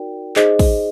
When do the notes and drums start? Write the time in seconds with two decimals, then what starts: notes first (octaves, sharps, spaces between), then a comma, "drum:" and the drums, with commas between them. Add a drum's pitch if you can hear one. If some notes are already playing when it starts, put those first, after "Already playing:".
Already playing: D#4 F#4 A#4 D5 G5
0.36 D#4 G#4 C5 D#5, drum: clap
0.59 drum: kick, open hi-hat